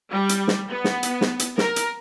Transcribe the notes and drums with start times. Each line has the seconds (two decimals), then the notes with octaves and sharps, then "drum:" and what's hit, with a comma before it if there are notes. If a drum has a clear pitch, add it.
0.12 G3
0.29 drum: hi-hat
0.48 drum: snare
0.71 B3
0.84 drum: snare
1.03 drum: hi-hat
1.21 drum: snare
1.39 drum: hi-hat
1.58 A#4, drum: snare
1.76 drum: hi-hat